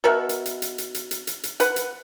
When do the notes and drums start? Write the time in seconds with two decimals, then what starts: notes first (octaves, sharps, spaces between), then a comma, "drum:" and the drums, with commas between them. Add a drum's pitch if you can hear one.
0.04 B2 A#4 E5 F#5
0.29 drum: hi-hat
0.46 drum: hi-hat
0.62 drum: hi-hat
0.78 drum: hi-hat
0.94 drum: hi-hat
1.11 drum: hi-hat
1.27 drum: hi-hat
1.43 drum: hi-hat
1.60 B4 F#5, drum: hi-hat
1.76 drum: hi-hat